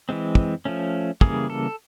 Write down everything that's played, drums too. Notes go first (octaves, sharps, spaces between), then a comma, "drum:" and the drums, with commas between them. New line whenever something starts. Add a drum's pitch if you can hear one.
E3 G#3 C4
drum: kick
F3 A3 C#4
C#3 E3 G3 A#3 G#4, drum: kick
A4